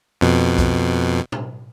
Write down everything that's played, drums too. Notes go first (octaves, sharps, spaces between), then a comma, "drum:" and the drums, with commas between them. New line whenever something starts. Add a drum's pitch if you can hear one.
F2 B2
drum: kick B1, hi-hat
drum: tom A2